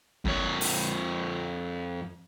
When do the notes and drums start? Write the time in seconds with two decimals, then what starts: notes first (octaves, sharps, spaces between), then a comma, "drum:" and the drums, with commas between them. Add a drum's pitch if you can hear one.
0.25 F2 C#5, drum: kick
0.61 drum: open hi-hat